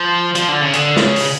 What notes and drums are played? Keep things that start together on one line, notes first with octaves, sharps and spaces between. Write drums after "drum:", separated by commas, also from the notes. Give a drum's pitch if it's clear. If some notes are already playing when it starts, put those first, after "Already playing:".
Already playing: F3
F3, drum: hi-hat
D3
C#3
D3, drum: hi-hat
C#3, drum: snare
drum: open hi-hat